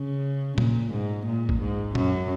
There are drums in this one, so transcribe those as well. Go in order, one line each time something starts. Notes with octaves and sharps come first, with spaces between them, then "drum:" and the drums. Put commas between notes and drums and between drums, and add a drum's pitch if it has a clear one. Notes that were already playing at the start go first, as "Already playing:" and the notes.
Already playing: C#3
A#2, drum: tom A#2
G#2
A#2
drum: kick
G#2
F#2, drum: tom A#2